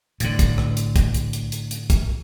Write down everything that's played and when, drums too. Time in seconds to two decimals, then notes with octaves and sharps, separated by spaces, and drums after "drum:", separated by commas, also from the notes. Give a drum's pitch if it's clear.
0.20 A2 D3, drum: hi-hat
0.39 drum: kick, hi-hat
0.58 drum: rim click
0.77 drum: hi-hat
0.96 drum: kick, hi-hat
1.14 drum: hi-hat
1.33 drum: hi-hat
1.52 drum: hi-hat
1.71 drum: hi-hat
1.90 drum: kick, hi-hat